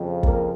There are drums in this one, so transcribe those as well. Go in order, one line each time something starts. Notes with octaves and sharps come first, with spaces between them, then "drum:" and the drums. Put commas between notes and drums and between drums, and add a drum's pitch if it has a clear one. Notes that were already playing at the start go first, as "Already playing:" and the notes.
Already playing: F2 C#3 F3
A#3 A#4, drum: kick